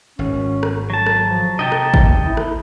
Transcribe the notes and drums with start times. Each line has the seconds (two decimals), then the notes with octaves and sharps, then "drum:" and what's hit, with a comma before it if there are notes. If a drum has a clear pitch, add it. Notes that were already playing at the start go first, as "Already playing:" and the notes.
0.19 G#1 C#4
0.63 drum: rim click
0.90 F#3 A5
1.06 drum: rim click
1.28 F3
1.59 C3 D#4 D#5 G5 A5
1.72 drum: rim click
1.94 drum: kick G#1
2.26 E4
2.37 drum: rim click